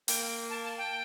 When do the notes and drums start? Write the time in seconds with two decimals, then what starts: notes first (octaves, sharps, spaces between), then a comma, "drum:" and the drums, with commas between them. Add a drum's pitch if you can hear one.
0.08 A#3 G5, drum: hi-hat
0.50 A5
0.64 A5
0.78 G5